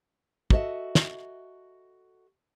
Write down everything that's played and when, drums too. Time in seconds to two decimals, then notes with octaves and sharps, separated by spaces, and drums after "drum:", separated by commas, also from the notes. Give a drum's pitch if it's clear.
0.50 F#4 A4 C#5 D#5 E5, drum: kick
0.95 drum: snare